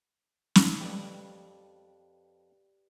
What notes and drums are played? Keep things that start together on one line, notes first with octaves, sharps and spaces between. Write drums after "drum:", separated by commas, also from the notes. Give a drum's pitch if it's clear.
drum: snare
F2 G4 B4 D5